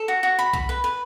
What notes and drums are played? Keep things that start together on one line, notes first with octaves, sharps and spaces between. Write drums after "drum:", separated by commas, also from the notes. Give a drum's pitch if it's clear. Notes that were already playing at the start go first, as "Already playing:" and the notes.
Already playing: A4
F#4
F#4
B5
B5, drum: kick C2
B4
B4